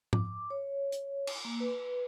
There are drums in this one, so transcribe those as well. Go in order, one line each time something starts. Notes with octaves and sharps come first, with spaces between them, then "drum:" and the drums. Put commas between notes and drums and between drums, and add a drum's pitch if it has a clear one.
D6, drum: tom
C#5
drum: hi-hat
drum: cymbal
A#3
B4